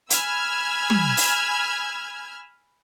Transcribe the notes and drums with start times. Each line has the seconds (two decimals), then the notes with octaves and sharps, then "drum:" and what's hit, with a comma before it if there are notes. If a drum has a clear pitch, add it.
0.10 G#5 B5 E6 F6 G#6, drum: hi-hat
0.90 drum: tom
1.17 drum: open hi-hat